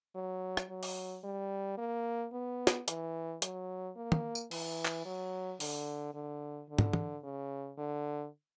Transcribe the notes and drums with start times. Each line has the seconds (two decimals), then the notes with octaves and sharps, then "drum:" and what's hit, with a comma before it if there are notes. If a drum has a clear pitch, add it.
0.15 F#3
0.57 drum: rim click
0.70 F#3
0.83 drum: open hi-hat
1.24 G3
1.78 A#3
2.33 B3
2.67 drum: snare
2.88 E3, drum: hi-hat
3.42 F#3, drum: hi-hat
3.96 A#3
4.12 drum: tom
4.35 drum: tambourine
4.51 E3, drum: cymbal
4.86 drum: clap
5.05 F#3
5.60 D3, drum: open hi-hat
6.14 D3
6.69 D3
6.79 drum: tom
6.93 drum: tom E3
7.24 C#3
7.78 D3